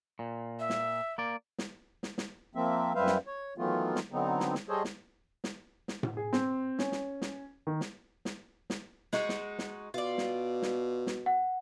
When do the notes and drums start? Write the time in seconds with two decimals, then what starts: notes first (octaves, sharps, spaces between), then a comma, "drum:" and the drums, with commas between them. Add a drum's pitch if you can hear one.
0.19 A#2
0.60 E5
0.70 drum: snare
1.18 A#3 D5
1.58 drum: snare
2.03 drum: snare
2.18 drum: snare
2.55 F3 A#3 C4 E5
2.95 F#2 G3 B4 C5 E5 F5
3.07 drum: snare
3.27 C#5
3.58 D#3 E3 F#3 A3 B3 F4
3.96 drum: snare
4.12 D3 F#3 B3 C4 D#4
4.40 drum: snare
4.55 drum: snare
4.69 G3 G#4 A4 C5 C#5 D#5
4.84 drum: snare
5.44 drum: snare
5.88 drum: snare
6.03 drum: tom A2
6.17 G#4
6.33 C4, drum: snare
6.79 C#4, drum: snare
6.92 drum: snare
7.22 drum: snare
7.67 D#3
7.81 drum: snare
8.25 drum: snare
8.70 drum: snare
9.13 G#3 D#4 F#4, drum: snare
9.29 drum: snare
9.59 drum: snare
9.94 B2 F4 D5
10.18 drum: snare
10.62 drum: snare
11.07 drum: snare
11.26 F#5